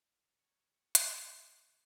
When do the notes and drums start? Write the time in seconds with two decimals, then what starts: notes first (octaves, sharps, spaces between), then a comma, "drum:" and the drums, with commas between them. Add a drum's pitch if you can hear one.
0.24 A#5
0.38 C#5
0.74 F#4
0.95 G3, drum: hi-hat
1.07 E4
1.27 F2
1.44 D#4
1.58 F#4